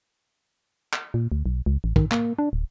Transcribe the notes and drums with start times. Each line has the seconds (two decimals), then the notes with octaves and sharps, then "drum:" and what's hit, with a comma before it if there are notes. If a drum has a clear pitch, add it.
0.93 drum: clap
1.14 A#2
1.32 D2
1.46 B1
1.66 C#2
1.84 A1
1.96 D#3, drum: kick
2.11 A#3, drum: clap
2.39 D4
2.53 D1